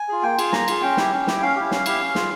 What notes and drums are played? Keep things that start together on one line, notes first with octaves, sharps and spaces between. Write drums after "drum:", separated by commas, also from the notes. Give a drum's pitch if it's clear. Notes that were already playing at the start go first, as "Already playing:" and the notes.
Already playing: G#5
F4 G#4
A#3 G5
F4 G#4 G#5, drum: cymbal
A#3 A#5, drum: snare
F4 G#4, drum: cymbal
C#4 G5
E4 G4, drum: snare
C#4
E4 G4, drum: snare
C#4 F5
E4 G4
C#4, drum: snare
E4 G4, drum: cymbal
C#4
F4 G#4, drum: snare